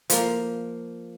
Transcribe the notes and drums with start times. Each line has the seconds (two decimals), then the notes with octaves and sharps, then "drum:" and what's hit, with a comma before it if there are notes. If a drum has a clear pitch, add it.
0.10 F3 A#3, drum: hi-hat